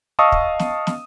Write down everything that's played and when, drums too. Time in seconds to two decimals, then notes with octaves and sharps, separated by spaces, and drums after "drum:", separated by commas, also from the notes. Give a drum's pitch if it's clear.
0.19 D#5 F5 A5 C#6 D#6 E6
0.32 drum: kick
0.59 drum: snare
0.87 drum: snare